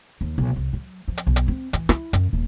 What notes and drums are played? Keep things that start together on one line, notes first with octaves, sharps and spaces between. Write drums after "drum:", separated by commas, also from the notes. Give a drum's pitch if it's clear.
D#2
B1
C2
F#3
F3
drum: hi-hat
B1
drum: hi-hat
C4
E3, drum: hi-hat
E4, drum: rim click
F#2, drum: hi-hat
D#1